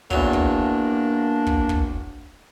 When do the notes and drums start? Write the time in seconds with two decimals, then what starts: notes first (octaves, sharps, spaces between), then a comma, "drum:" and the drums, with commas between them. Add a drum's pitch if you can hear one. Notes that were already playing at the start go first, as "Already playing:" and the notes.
0.11 E2 F#3 A#3 D4, drum: kick
0.33 drum: kick
1.46 drum: kick
1.69 drum: kick